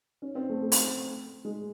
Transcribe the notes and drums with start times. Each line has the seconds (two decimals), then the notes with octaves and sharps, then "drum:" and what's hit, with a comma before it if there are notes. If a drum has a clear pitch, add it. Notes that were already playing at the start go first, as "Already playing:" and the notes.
0.22 C#4
0.35 C4
0.49 A3
0.62 A3
0.72 drum: open hi-hat
1.45 G#3